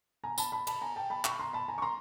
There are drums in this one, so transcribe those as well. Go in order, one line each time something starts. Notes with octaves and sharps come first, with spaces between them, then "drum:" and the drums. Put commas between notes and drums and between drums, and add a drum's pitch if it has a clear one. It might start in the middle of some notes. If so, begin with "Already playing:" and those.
G#5 A#5
A5 B5, drum: tambourine
A5 B5
A5 B5, drum: cymbal
G#5 A#5
G5 A5
A5 B5
B5 C#6, drum: clap
A#5 C6
A5 B5
G#5 A#5
C#6
A#5 C6